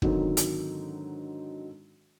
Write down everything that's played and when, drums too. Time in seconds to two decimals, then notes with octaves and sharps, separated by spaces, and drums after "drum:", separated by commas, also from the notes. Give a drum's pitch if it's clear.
0.02 G#2 D3 D#3 F#3 C4 D#4, drum: kick
0.37 drum: hi-hat